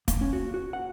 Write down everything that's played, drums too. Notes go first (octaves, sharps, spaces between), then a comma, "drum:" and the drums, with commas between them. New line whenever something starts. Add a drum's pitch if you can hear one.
A#3, drum: kick, hi-hat
C#4
F#4
F#4
F#5